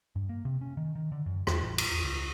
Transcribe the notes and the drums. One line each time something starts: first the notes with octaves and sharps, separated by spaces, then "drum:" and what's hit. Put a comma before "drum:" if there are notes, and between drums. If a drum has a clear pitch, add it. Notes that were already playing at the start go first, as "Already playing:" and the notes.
G2
A#3
C3
C#4
D#3
D#3
D3
F#2
E2, drum: rim click
A1
drum: cymbal
E2
C#2